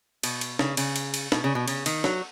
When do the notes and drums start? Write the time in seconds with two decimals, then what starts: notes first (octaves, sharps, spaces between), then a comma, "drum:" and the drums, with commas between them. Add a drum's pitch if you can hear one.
0.23 B2, drum: cymbal
0.41 drum: cymbal
0.59 C#3, drum: snare
0.77 C#3, drum: cymbal
0.96 drum: cymbal
1.14 drum: cymbal
1.32 B2, drum: snare
1.44 C#3
1.55 B2
1.68 C#3, drum: cymbal
1.86 D#3, drum: cymbal
2.04 F#3, drum: snare